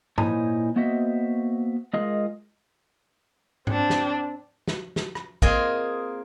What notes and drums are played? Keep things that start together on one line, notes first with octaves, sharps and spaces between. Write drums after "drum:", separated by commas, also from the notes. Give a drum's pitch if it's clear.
A#2 D#4 E4 C5 C#5 G#5, drum: tom G#2
A#3 B3 F#4 C5 D#5 E5
G#3 F4 G#4 A#4 D#5 F5
C4 D4, drum: tom G#2
drum: snare
drum: snare
drum: snare
drum: rim click
A#3 C4 F4 G#4 D#5, drum: kick A1